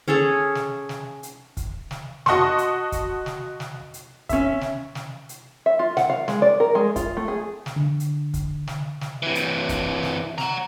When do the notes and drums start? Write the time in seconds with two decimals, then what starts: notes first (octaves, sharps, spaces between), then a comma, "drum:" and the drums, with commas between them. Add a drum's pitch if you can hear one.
0.08 C#4 G#4 A4 C#5
0.55 drum: snare
0.89 drum: snare
1.23 drum: hi-hat
1.57 drum: kick, hi-hat
1.91 drum: snare
2.26 F#4 D#5 F#5 A5 C6 C#6, drum: snare
2.58 drum: hi-hat
2.92 drum: kick, hi-hat
3.26 drum: snare
3.60 drum: snare
3.94 drum: hi-hat
4.29 C#4 E5, drum: kick, hi-hat
4.61 drum: snare
4.95 drum: snare
5.29 drum: hi-hat
5.66 E5
5.79 F4
5.97 F#5, drum: snare
6.10 F5
6.28 G#3, drum: snare
6.42 D5
6.60 A#4
6.75 G#3
6.96 F4, drum: kick, hi-hat
7.17 A3
7.28 G#4
7.66 drum: snare
7.76 D3
8.00 drum: hi-hat
8.34 drum: kick, hi-hat
8.67 drum: snare
9.01 drum: snare
9.23 C3 E3
9.35 drum: hi-hat
9.69 drum: kick, hi-hat
10.03 drum: snare
10.38 F#5 A#5, drum: snare